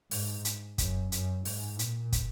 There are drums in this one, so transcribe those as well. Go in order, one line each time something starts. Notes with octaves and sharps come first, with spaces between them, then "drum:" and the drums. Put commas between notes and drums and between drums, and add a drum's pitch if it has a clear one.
G#2, drum: open hi-hat
drum: hi-hat
F#2, drum: kick, hi-hat
F#2, drum: hi-hat
G#2, drum: open hi-hat
A#2, drum: hi-hat
drum: kick, hi-hat